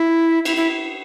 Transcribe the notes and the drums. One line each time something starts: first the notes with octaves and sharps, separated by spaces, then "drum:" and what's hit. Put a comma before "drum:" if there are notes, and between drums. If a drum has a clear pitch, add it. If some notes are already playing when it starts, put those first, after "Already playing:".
Already playing: E4
E4, drum: cymbal
E4